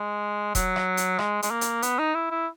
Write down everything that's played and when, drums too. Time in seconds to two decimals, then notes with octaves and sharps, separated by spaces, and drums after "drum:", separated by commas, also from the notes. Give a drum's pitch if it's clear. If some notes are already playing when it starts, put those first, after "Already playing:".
Already playing: G#3
0.55 F#3, drum: kick E1, hi-hat
0.76 drum: rim click
0.97 drum: hi-hat
1.19 G#3, drum: rim click
1.42 G#3, drum: hi-hat
1.51 A#3
1.61 drum: hi-hat
1.82 B3, drum: hi-hat
1.99 D#4
2.14 E4
2.30 E4